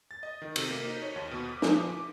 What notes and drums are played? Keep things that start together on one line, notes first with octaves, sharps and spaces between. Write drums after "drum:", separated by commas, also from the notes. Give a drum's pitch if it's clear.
A6
D#5
D#3
C3, drum: cymbal
A#3
D#4
C#5
D#2
B2
D6
F3, drum: snare
D6